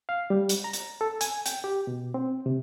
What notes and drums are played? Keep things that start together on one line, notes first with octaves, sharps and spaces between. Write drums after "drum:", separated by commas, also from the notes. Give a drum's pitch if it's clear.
F5
G3
drum: hi-hat
A#5
drum: hi-hat
A4
G#5, drum: hi-hat
G5, drum: hi-hat
G4
B2
C4
C3